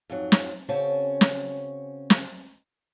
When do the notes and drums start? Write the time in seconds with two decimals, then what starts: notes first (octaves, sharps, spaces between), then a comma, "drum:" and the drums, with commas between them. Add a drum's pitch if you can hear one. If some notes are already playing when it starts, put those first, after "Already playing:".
0.10 F2 G#2 F#3
0.32 drum: snare
0.69 C#3 C4 C#4 F#4 C#5 A5
1.21 drum: snare
2.10 drum: snare